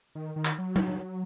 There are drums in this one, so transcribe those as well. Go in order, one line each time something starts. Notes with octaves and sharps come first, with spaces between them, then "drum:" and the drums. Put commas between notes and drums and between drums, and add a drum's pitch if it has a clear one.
D#3
D#3
drum: clap
F#3
drum: tom F#3